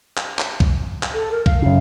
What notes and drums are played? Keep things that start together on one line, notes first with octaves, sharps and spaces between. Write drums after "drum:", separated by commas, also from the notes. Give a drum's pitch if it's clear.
drum: clap
drum: clap
drum: kick
drum: clap
A4
A#4
F5, drum: kick
F#2 C#3